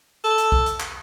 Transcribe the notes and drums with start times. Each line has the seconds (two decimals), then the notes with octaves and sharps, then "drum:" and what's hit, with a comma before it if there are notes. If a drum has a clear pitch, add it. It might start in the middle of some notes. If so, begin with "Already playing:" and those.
0.24 A4
0.38 drum: hi-hat
0.52 drum: kick
0.66 drum: hi-hat
0.80 drum: clap